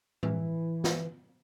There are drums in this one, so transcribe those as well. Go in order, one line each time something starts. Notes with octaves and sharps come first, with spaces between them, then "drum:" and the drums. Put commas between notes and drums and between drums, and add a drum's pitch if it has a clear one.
E3, drum: tom A2
drum: snare